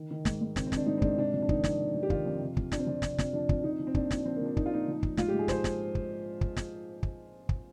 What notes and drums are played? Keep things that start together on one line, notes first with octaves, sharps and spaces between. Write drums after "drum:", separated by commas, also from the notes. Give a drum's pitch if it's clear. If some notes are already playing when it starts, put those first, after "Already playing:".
Already playing: D#3
D#3
G#2, drum: snare
G#2
D#3 C4, drum: snare
C4
D#3 D4, drum: snare
G#2 D#4
C4
G#2 D4, drum: kick
C3 D4
F2
D4
D#3 D#4, drum: kick
F2, drum: snare
C3
F2
G4
D#3 F4, drum: kick
F2
C3
F2, drum: kick
F3 D4, drum: snare
C4
F2 D4
C3, drum: snare
F2, drum: snare
F3 D4
F2, drum: kick
F3 D#4
F3
C4
A#2 D4, drum: kick
A#2, drum: snare
F3 C4
A#3
F3 D4
A#2 D#4, drum: kick
F4
A#2 D#4
F3
F3, drum: kick
G#2 F4, drum: snare
G4
G#2
G#4
F3 C5, drum: snare
drum: snare
drum: kick
drum: kick
drum: snare
drum: kick
drum: kick